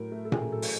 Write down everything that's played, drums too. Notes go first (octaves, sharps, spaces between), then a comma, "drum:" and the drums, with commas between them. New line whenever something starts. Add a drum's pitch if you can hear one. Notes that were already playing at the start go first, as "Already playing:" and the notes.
Already playing: A2 F#3 A#4
A3
A4
A1 G#4, drum: tom A#2
F#3 A4
drum: open hi-hat